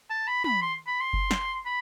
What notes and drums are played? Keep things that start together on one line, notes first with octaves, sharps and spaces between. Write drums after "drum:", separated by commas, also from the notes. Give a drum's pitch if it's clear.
A5
B5
B5, drum: tom
C6
B5
C6
drum: kick F#1
drum: snare
B5